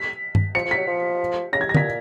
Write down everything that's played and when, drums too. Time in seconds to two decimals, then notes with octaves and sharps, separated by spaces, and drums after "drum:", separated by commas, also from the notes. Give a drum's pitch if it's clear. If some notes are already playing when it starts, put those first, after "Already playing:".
Already playing: B6
0.35 drum: tom G2
0.55 F3 C#7
0.65 F3
0.71 B6
0.77 F#3
0.87 F3
1.53 C#3 A#6
1.61 G#6
1.69 A#6
1.75 A#2 B6, drum: tom D3